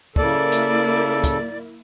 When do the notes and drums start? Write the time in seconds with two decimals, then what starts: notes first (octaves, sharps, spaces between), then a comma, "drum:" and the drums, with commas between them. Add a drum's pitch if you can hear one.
0.16 C#3 A#3 E4 A4 D5, drum: kick
0.52 drum: hi-hat
1.24 drum: kick, hi-hat